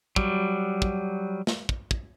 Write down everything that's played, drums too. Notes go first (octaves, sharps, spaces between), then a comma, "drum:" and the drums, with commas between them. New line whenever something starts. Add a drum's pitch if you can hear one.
F#3 G3, drum: kick
drum: kick
drum: snare
drum: kick
drum: kick